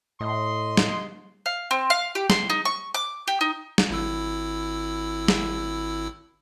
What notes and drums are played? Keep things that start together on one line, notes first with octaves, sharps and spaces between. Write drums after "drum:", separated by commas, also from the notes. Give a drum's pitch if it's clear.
A2 D#5 C6
drum: snare
F5
C4
F5
G4
C6, drum: snare
D#4
C#6
D6
G4
D#4
drum: snare
G#1 E4 E6
drum: snare